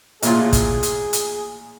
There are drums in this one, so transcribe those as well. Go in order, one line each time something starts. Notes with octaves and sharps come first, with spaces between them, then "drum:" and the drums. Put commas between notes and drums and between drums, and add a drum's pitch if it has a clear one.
A1 A#2 F4 G#4, drum: hi-hat
drum: kick, hi-hat
drum: hi-hat
drum: hi-hat